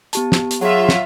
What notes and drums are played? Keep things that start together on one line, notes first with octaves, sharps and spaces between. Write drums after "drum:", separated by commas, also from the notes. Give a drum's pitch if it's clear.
B3 G4 A5, drum: hi-hat
drum: snare
drum: hi-hat
F#3 F4 G#4 E5 F#5
drum: snare